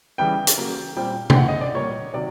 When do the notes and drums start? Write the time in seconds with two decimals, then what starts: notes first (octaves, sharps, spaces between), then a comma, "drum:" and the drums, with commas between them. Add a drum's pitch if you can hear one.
0.18 C#3 E3 G3 B3 G5
0.47 drum: hi-hat
0.57 C#3 F#3 A#3
0.97 A#2 G3 C4 G5
1.30 G5, drum: tom C3
1.36 A2 E3 G#3 F#5
1.48 D#5
1.61 D5
1.74 A#2 G3 A#3 C#5
2.14 C3 D#3 F#3 D5